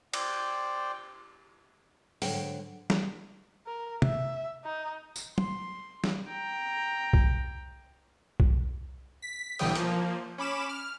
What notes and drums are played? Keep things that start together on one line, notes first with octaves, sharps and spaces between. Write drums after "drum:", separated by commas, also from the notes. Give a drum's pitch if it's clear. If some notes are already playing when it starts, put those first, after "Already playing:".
C5 D5 G5, drum: cymbal
G#2 D3 F#3 G5, drum: open hi-hat
drum: snare
A#4
E5, drum: tom C3
D#4
drum: tambourine
C6, drum: tom
drum: snare
G5 A#5
drum: kick B1
drum: kick B1
B6
B1 D3 E3 G3 G5 D#6, drum: cymbal
F3 A#3, drum: hi-hat
C#4 B5 D6 E7
F6